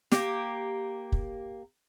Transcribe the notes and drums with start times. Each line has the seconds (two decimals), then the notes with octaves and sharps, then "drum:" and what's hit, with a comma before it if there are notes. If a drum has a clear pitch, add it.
0.12 A#3 G4, drum: snare
1.12 drum: kick